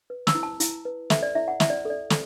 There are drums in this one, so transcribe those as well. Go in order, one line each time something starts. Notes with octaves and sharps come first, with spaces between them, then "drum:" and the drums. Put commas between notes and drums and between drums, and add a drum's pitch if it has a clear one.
B4
E6, drum: snare
E4
A5
E4, drum: hi-hat
B4
A4 E5, drum: snare
D5
E4 E5
F#5
E4 E5, drum: snare
D5
A4 D5
A4, drum: snare